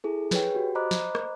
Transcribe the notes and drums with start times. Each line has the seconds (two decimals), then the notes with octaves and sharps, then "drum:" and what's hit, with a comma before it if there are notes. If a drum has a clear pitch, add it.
0.04 E4 G#4 A4
0.31 G#4 B4 C#5 G5, drum: snare
0.55 F#4 G4
0.75 C5 D#5 A#5 B5 D6 F#6
0.91 drum: snare
1.15 drum: rim click